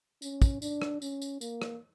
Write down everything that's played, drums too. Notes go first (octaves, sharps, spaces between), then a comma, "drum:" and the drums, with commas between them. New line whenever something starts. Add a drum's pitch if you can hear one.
C#4, drum: tambourine
drum: kick, tambourine
D4, drum: tambourine
drum: rim click
C#4, drum: tambourine
drum: tambourine
A#3, drum: tambourine
drum: rim click